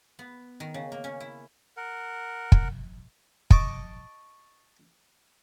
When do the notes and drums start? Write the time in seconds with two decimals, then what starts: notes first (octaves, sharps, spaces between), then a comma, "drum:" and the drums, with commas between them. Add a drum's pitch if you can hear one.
0.19 B3
0.60 D#3
0.74 C#3
0.92 A#3
1.04 C#4
1.20 E4
1.77 A#4 F#5
2.52 drum: kick
3.51 D#5 A5 C#6 D6, drum: kick